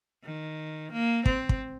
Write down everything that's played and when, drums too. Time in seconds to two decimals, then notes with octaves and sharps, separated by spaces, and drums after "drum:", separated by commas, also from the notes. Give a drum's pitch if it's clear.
0.24 D#3
0.92 A#3
1.26 C4, drum: kick
1.49 drum: kick